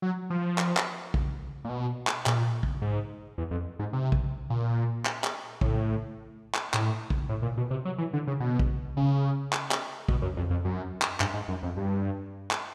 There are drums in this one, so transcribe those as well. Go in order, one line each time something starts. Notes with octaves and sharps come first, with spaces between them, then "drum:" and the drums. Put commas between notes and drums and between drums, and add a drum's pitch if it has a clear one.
F#3
F3
drum: clap
drum: clap
drum: kick
A#2
B2
drum: clap
A#2, drum: clap
drum: kick
G#2
E2
F2
G#2
C3
drum: kick
A#2
drum: clap
drum: clap
A2, drum: kick
drum: clap
A2, drum: clap
drum: kick
A2
A#2
B2
C3
F#3
E3
D3
C#3
B2
drum: kick
C#3
drum: clap
drum: clap
B2, drum: kick
F#2
F2
F2
F#2
drum: clap
G2, drum: clap
G#2
F#2
F2
G2
drum: clap